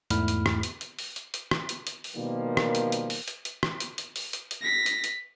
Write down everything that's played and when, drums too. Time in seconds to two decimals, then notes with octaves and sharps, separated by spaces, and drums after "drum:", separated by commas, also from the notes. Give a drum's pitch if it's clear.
0.10 E2 G#2 A3 E4 B5 F6, drum: hi-hat
0.28 drum: hi-hat
0.46 drum: rim click
0.63 drum: hi-hat
0.81 drum: hi-hat
0.99 drum: open hi-hat
1.16 drum: hi-hat
1.34 drum: hi-hat
1.51 drum: rim click
1.69 drum: hi-hat
1.87 drum: hi-hat
2.04 drum: open hi-hat
2.16 B2 D#3 F3 G3 A#3
2.57 drum: rim click
2.75 drum: hi-hat
2.92 drum: hi-hat
3.10 drum: open hi-hat
3.28 drum: hi-hat
3.45 drum: hi-hat
3.63 drum: rim click
3.80 drum: hi-hat
3.98 drum: hi-hat
4.16 drum: open hi-hat
4.33 drum: hi-hat
4.51 drum: hi-hat
4.62 A#6 B6
4.86 drum: hi-hat
5.04 drum: hi-hat